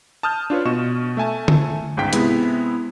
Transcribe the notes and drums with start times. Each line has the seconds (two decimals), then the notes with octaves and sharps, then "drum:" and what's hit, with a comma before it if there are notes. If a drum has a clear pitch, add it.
0.23 A5 D#6 F6 G6
0.50 D4 F4 B4 C#5
0.65 B2 D#5 C#6 E7
1.17 A3 E5 G#5 A5
1.48 drum: tom D3
1.97 G1 C#2 G#2 D#4 G5 B6
2.13 C3 G#3 B3 E4, drum: hi-hat